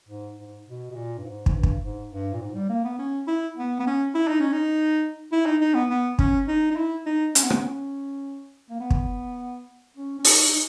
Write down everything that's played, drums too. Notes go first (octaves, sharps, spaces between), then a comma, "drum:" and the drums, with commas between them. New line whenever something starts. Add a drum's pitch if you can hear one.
G#2
G#2
B2
B2
A#2
G2
G#2
G#2, drum: kick
G2
drum: kick
G#2
G2
A#2
G#2
G3
A#3
B3
C#4
E4
B3
B3
C#4
E4
D#4
C#4
D#4
E4
D#4
D#4
B3
B3
C#4, drum: kick
D#4
D#4
E4
D#4
C#4, drum: hi-hat
B3
C#4, drum: rim click
B3
C#4
A#3
B3
drum: kick
C#4
C#4
D#4, drum: open hi-hat
D#4